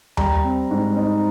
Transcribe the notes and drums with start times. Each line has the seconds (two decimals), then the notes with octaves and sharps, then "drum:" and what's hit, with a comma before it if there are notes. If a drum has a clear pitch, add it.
0.17 G3 A#5, drum: tom D#2
0.44 C4
0.71 G#2
0.97 D#4